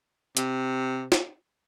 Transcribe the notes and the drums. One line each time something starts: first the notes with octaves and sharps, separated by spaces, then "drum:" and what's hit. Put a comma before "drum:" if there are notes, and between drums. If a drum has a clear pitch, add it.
C3, drum: hi-hat
drum: snare